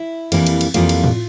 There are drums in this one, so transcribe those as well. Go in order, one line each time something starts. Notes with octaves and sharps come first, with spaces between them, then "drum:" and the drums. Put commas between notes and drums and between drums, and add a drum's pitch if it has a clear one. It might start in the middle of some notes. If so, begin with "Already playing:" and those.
Already playing: E4
F2 E3 G3 A#3, drum: cymbal
drum: cymbal
drum: cymbal
F2 E3 G3 A#3 F4, drum: cymbal
drum: cymbal
drum: tom A2